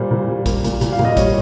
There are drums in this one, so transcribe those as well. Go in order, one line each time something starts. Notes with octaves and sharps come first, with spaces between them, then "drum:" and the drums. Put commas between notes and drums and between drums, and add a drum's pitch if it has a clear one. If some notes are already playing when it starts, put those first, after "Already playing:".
Already playing: A#2 G3 C5
A#2
G3
A#3, drum: kick A#1, hi-hat
A#2, drum: hi-hat
A#2, drum: hi-hat
F5
A#2, drum: tom G#2
D#5
G3 C#5, drum: kick A#1, hi-hat